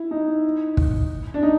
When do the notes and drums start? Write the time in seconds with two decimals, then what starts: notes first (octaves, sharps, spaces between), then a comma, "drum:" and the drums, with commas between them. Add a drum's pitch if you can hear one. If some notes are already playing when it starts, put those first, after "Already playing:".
Already playing: E4
0.11 D#4
0.77 drum: kick
1.34 D4
1.43 D#4